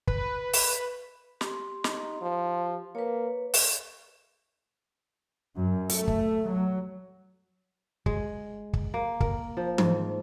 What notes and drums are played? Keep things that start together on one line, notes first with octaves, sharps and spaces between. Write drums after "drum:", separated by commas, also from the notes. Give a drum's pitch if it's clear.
B4, drum: kick
drum: open hi-hat
G4 C6, drum: snare
D#4, drum: snare
F3
A#3 B4 C#5
drum: open hi-hat
F#2
A3, drum: hi-hat
drum: kick
F#3
G#3, drum: kick
drum: kick
A#3
A#4, drum: kick
F3
G#2, drum: tom E3